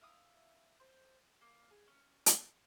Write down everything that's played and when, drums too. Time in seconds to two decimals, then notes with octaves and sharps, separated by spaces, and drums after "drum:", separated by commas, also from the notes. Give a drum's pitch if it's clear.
0.01 E4 F5 D#6
0.80 C5
1.41 A#3
1.70 G#4
1.87 C#4
2.26 drum: hi-hat